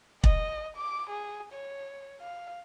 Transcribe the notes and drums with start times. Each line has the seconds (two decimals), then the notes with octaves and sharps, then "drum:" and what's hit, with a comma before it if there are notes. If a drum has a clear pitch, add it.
0.24 D#5, drum: kick
0.77 D6
1.10 G#4
1.53 C#5
2.21 F5